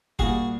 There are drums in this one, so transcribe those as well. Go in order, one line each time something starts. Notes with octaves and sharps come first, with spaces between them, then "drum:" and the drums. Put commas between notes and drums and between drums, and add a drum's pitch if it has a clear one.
A#2 G3 A#3 F#4 G#4, drum: kick